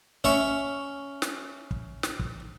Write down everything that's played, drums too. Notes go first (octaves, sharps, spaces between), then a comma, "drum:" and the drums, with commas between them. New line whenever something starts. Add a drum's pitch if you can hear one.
C#4 E5 C#6, drum: kick
drum: snare
drum: kick
drum: snare
drum: kick